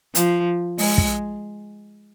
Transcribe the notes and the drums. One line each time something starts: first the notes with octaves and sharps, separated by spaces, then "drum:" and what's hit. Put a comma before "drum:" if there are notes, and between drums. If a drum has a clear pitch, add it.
F3, drum: hi-hat
G#3, drum: open hi-hat
drum: kick